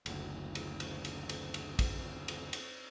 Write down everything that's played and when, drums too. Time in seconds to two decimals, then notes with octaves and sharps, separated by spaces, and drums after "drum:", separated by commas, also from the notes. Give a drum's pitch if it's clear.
0.06 F#1 D2, drum: cymbal
0.55 drum: cymbal
0.80 drum: cymbal
1.05 drum: cymbal
1.29 drum: cymbal
1.54 drum: cymbal
1.79 drum: kick A1, cymbal
2.28 drum: cymbal
2.53 drum: cymbal